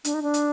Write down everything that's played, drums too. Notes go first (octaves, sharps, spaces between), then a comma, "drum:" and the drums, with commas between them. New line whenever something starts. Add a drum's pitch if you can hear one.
D4, drum: hi-hat
D#4
D4
drum: hi-hat